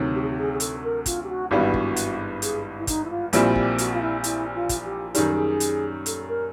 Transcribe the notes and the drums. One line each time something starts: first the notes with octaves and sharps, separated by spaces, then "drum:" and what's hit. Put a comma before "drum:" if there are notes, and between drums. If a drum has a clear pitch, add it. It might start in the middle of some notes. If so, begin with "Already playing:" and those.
Already playing: D2 C3 D#3 F#3
G4
G#4
G4
G#4
G#4
A4, drum: hi-hat
A#4
F4, drum: kick, hi-hat
G4
F#4
G#1 G2 E3 G3 B3 F#4
drum: kick
drum: hi-hat
G#4, drum: hi-hat
E4
D#4, drum: kick, hi-hat
E4
F4
A#1 A#2 G3 C4 E4 F#4, drum: hi-hat
F#4
G4, drum: kick
F#4, drum: hi-hat
F4
E4
E4, drum: hi-hat
F4
drum: kick, hi-hat
G4
F#2 D#3 G3 G#4, drum: hi-hat
A4
G#4
drum: hi-hat
A4, drum: hi-hat
A#4